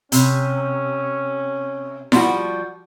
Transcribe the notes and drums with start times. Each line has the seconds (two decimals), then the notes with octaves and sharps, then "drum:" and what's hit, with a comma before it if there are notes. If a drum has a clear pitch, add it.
0.12 C3 C#4, drum: hi-hat
2.12 F3 G3 F#4, drum: snare E4